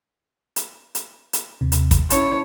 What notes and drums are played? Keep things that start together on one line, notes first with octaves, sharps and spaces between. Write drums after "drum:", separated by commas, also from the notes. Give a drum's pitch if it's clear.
drum: hi-hat
drum: hi-hat
drum: hi-hat
D#2 C3
drum: hi-hat
drum: kick, hi-hat
C#4 E4 C#5 A5, drum: hi-hat